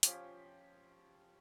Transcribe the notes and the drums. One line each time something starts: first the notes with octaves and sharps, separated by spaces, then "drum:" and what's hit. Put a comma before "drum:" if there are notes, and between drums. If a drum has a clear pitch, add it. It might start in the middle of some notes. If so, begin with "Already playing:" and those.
F3 C#4 G4, drum: hi-hat